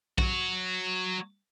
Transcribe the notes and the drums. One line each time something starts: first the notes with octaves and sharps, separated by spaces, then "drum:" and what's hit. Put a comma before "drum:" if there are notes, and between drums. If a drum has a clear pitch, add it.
F#3 F#4, drum: kick